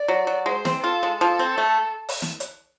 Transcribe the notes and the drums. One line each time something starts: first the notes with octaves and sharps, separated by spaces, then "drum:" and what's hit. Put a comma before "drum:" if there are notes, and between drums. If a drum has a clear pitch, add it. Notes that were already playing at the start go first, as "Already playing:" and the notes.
Already playing: D5
F#3
F#3
G#3 C5
C4, drum: snare
F4 A4
G#3
F3 A4
C4
A3
drum: open hi-hat
drum: snare
drum: hi-hat